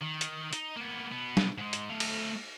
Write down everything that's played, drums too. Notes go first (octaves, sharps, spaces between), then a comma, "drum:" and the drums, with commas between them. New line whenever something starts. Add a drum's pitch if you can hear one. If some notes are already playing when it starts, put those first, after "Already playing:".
D#3
drum: hi-hat
D#4, drum: hi-hat
A#3 B3
B2 B3
drum: snare
G#2 G#3
drum: hi-hat
A3 F5
drum: cymbal